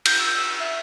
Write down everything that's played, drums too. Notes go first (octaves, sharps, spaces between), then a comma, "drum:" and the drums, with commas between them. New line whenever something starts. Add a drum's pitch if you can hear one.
G6, drum: cymbal
E6
E6
E5